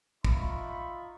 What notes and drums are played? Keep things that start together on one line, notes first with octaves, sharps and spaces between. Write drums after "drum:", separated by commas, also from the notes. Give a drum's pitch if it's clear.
D#4 F4 E5 B5 C#6, drum: kick